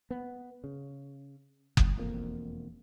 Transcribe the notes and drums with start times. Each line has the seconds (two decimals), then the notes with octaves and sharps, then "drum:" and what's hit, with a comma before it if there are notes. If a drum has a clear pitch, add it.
0.11 B3
0.64 C#3
1.77 G1, drum: kick F#1
1.98 E1 F2 A#3